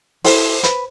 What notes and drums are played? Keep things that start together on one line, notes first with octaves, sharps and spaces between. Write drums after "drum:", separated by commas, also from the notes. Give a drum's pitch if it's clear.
E4 A4 C5, drum: open hi-hat
B4, drum: hi-hat